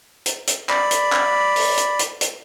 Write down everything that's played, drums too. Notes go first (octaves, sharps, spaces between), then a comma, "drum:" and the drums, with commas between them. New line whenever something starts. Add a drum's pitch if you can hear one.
drum: hi-hat
drum: hi-hat
D5 B5, drum: clap
drum: hi-hat
drum: clap
drum: open hi-hat
drum: hi-hat
drum: hi-hat
drum: hi-hat